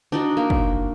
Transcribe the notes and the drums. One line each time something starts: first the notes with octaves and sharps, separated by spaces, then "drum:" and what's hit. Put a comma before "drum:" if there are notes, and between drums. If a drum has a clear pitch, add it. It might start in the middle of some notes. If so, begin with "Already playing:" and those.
D4 D#4 F#4
A#3
drum: kick